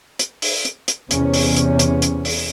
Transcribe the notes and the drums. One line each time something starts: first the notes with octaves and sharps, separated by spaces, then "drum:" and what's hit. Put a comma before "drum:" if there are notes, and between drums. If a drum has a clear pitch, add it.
drum: hi-hat
drum: open hi-hat
drum: hi-hat
drum: hi-hat
E2 C3 C#4, drum: hi-hat
drum: open hi-hat
drum: hi-hat
drum: hi-hat
drum: hi-hat
drum: open hi-hat